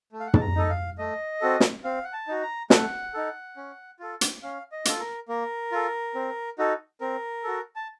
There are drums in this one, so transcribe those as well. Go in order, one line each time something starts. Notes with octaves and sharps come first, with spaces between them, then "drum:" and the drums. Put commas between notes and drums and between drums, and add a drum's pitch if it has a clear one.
A3
F5
F#5
A5, drum: tom
A#5
D#4 A4 D#5
F5
A3 D#5
C4 F#4 A4
drum: snare
C4 F5
F#5
A5
D#4 F#4
A#5
A3 F#5, drum: snare
D#4 A4
C#4
F4 A4
drum: hi-hat
C#4 F5
D#5
F4 A4, drum: hi-hat
A#4
A#3 A#4
F4 A4
C4
D#4 F#4 A4
C4 A#4
F#4 A4
A5